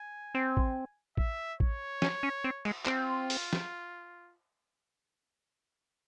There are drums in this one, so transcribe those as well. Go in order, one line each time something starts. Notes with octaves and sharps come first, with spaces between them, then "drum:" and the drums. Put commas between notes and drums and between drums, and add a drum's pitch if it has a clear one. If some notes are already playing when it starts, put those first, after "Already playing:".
Already playing: G#5
C4
drum: kick A1
E5, drum: kick A1
C#5, drum: kick A1
C#4, drum: snare
C#4
C4
G#3, drum: cymbal
C4 F4, drum: clap
drum: open hi-hat
drum: snare